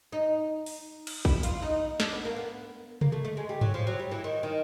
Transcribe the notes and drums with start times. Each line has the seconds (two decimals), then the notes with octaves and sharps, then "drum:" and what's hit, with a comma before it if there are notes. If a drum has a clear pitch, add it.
0.12 D#4
0.66 drum: open hi-hat
1.07 drum: cymbal
1.25 E4, drum: kick
1.43 F4, drum: hi-hat
1.62 D#4
2.00 D4, drum: snare
2.13 B3
2.25 A#3
2.36 B3
3.01 A#3, drum: tom C3
3.12 A3
3.25 A3
3.37 G#3
3.49 G3
3.61 F#3, drum: tom G2
3.74 F3
3.87 F#3
3.99 G3
4.11 E3
4.24 D#3
4.43 D#3